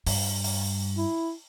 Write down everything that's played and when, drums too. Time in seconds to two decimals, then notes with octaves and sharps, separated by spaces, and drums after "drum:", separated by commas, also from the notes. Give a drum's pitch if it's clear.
0.06 G2, drum: open hi-hat
0.44 drum: open hi-hat
0.97 E4